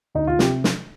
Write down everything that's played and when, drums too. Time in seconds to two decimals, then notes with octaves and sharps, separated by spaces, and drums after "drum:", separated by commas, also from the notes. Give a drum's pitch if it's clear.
0.15 D2 D#4
0.27 F4
0.39 C3 G4, drum: snare
0.64 drum: snare